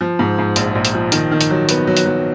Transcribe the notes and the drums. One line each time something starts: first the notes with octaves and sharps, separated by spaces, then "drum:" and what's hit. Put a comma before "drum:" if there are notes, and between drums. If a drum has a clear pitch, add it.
F3
G#2
G#2
A#1, drum: hi-hat
A#1
drum: hi-hat
F3
D#3, drum: hi-hat
D#3
drum: hi-hat
F#3
B3, drum: hi-hat
F#3
drum: hi-hat
F#3